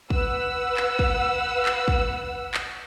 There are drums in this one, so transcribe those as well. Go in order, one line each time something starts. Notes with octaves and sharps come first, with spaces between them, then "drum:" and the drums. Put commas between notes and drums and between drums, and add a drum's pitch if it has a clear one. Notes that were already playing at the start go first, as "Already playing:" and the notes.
B4 F#5 E6, drum: kick
drum: clap
drum: kick
drum: clap
drum: kick
drum: clap